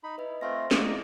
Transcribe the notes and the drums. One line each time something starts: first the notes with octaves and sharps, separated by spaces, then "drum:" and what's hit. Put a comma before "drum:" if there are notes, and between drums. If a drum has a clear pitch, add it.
D#4 B5
E4 B4 D#5
A3 C4 F4 C5 C6 A#6
A#3 B3 E4 G#4 D5 D#5, drum: snare